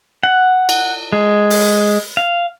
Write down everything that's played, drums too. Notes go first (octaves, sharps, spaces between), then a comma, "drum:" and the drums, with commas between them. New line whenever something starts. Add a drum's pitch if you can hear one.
F#5
drum: cymbal
G#3
drum: open hi-hat
F5